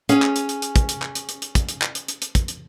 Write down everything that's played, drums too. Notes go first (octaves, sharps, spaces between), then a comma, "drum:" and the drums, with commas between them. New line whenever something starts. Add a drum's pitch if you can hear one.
C#4 G#4 F5, drum: hi-hat
drum: clap
drum: hi-hat
drum: hi-hat
drum: hi-hat
drum: kick, hi-hat
drum: hi-hat
drum: clap
drum: hi-hat
drum: hi-hat
drum: hi-hat
drum: kick, hi-hat
drum: hi-hat
drum: clap
drum: hi-hat
drum: hi-hat
drum: hi-hat
drum: kick, hi-hat
drum: hi-hat